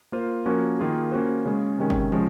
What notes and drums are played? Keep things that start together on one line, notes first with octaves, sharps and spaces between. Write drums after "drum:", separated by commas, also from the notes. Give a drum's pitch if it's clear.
A#3 F4 C5
F3 A#3 C#4 F#4 A#4
D#3 A#3 F4 G#4
A#3 C#4 F#4 C5
C#3 G#3 C#4 G#4
C3 D#3 G#3 C#4
drum: kick G1
F3 G#3 C#4, drum: tom